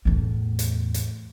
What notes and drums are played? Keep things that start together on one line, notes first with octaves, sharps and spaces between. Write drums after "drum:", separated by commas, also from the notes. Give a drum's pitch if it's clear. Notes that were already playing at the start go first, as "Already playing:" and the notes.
E2 A2
drum: hi-hat
drum: hi-hat